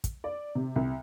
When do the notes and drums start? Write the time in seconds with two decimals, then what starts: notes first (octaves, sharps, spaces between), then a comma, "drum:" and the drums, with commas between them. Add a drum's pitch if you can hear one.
0.04 drum: kick, hi-hat
0.24 D5
0.55 C3
0.76 C2